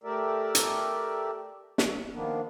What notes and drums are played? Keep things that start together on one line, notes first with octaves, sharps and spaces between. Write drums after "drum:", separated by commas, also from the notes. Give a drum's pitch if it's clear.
A3 G4 A#4 D5 E5
drum: hi-hat
drum: snare
D#3 F3 A#3 B3 D4